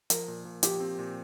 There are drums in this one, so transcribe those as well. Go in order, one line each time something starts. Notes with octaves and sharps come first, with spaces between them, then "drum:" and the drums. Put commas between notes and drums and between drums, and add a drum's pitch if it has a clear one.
F3 A#4, drum: hi-hat
A#2
A#2
F3 G4, drum: hi-hat
C4
A#2